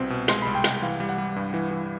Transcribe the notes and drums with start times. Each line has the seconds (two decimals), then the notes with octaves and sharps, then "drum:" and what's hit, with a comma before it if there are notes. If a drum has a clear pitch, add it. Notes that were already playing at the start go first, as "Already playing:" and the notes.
Already playing: C2 B2 C4
0.10 B2
0.28 G#3 C6, drum: hi-hat
0.42 C2 B5
0.55 G5
0.64 C2, drum: hi-hat
0.82 E3 F5
1.00 G3
1.09 F#5
1.18 G3
1.36 G2
1.54 E3
1.71 E3